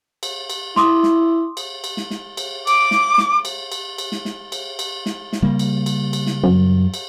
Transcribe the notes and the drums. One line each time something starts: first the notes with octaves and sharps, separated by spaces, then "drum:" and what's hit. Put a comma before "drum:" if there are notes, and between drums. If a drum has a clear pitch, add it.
drum: cymbal
drum: cymbal
E4 C6 D6 D#6, drum: snare
drum: snare
drum: cymbal
drum: cymbal
drum: snare
drum: snare
drum: cymbal
D6, drum: cymbal
drum: snare
drum: snare
drum: cymbal
drum: cymbal
drum: cymbal
drum: snare
drum: snare
drum: cymbal
drum: cymbal
drum: snare
drum: snare
C#3 G3 A#3
drum: cymbal
drum: cymbal
drum: cymbal
drum: snare
F#2
drum: cymbal